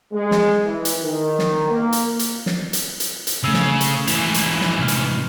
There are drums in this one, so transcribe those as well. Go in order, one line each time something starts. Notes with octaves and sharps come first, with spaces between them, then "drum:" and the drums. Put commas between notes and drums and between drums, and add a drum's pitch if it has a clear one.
G#3
drum: snare
E3
drum: hi-hat
D#3
drum: snare
A#3
drum: hi-hat
drum: hi-hat
drum: snare
drum: hi-hat
drum: hi-hat
drum: hi-hat
C#3 A3 E6
drum: snare
drum: hi-hat
G#2 E3, drum: hi-hat
drum: hi-hat
drum: snare
A2 C3 F6
drum: hi-hat